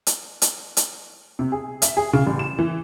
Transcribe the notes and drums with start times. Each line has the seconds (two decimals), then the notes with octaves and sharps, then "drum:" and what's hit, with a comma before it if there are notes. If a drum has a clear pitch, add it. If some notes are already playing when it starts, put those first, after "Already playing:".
0.07 drum: hi-hat
0.42 drum: hi-hat
0.77 drum: hi-hat
1.39 C3
1.52 G#4
1.82 E5, drum: hi-hat
1.97 G#4
2.13 C#3
2.27 A1
2.39 E7
2.59 E3